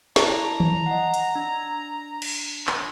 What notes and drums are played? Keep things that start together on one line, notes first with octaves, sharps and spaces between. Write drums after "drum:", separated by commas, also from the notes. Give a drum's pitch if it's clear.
E4 D5 A5 A#5, drum: snare
drum: tom D#3
D#5 F#5
drum: hi-hat
D4
drum: cymbal
drum: clap